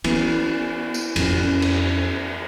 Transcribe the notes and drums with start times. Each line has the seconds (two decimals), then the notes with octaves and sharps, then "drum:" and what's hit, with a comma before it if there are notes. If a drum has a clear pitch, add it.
0.04 E3 B3, drum: cymbal
0.94 drum: tambourine
1.16 F2 C#4, drum: cymbal
1.62 drum: cymbal